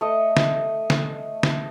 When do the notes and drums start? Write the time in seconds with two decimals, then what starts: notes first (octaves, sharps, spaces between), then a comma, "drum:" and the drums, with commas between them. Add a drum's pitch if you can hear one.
0.01 A3 D#5
0.37 drum: snare
0.90 drum: snare
1.43 drum: snare